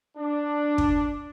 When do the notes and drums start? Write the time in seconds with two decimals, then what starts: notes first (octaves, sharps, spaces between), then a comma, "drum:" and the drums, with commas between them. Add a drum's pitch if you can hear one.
0.18 D4
0.78 drum: kick